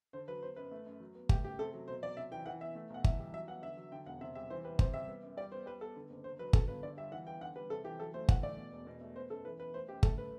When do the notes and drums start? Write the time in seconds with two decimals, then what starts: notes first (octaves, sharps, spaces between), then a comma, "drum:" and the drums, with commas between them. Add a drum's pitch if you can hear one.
0.13 D3 C5
0.28 F#3 B4
0.42 B3 C5
0.56 F#2 B4
0.72 A3
0.86 F#2
1.00 F#3
1.15 B3
1.29 A3 G4, drum: kick G1
1.44 F#2 G4
1.59 C3 A4
1.73 F#3
1.88 B2 C5
2.03 F#3 D5
2.17 C3 E5
2.32 E3 G5
2.46 E3 F#5
2.61 B3 E5
2.75 A3
2.90 B1 F#5
3.04 E3 E5, drum: kick G1
3.20 G3
3.33 F#3 E5
3.48 B3 F#5
3.62 D3 E5
3.77 F#3
3.92 D3 G5
4.06 E1 F#5
4.21 C3 E5
4.35 G3 E5
4.50 E3 C5
4.64 G3 B4
4.79 C3 C5, drum: kick G1
4.94 G3 E5
5.08 B3
5.23 F#2
5.37 G3 D5
5.52 B3 C5
5.66 G3 B4
5.81 B3 A4
5.96 D3
6.10 F#1
6.24 D3 C5
6.39 F#3 B4
6.53 D3 A4, drum: kick G1
6.68 G1 B4
6.83 D3 D5
6.97 G3 E5
7.12 E3 F#5
7.27 B3 G5
7.41 D3 F#5
7.56 G3 B4
7.70 C3 A4
7.84 E3 G4
7.99 F#3 A4
8.14 A3 C5
8.29 E3 F#5, drum: kick G1
8.43 A3 D5
8.57 B2
8.72 E1
8.87 B2
9.01 A3
9.16 B3 C5
9.30 F#2 A4
9.45 E3 B4
9.60 B3 B4
9.74 A3 C5
9.89 F#2 G4
10.03 A3 A4, drum: kick G1
10.18 B4